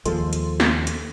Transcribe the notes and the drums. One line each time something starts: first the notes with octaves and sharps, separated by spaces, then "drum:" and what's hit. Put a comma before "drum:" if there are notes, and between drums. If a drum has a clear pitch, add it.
D#2 F3 G#3 A4 C6, drum: hi-hat
drum: hi-hat
drum: snare
drum: hi-hat